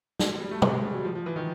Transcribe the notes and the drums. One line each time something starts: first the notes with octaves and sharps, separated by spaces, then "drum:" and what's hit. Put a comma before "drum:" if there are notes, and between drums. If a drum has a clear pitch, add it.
F#3, drum: snare
G3
A3
G#3, drum: tom
G#3
G3
F#3
F3
F3
E3
D#3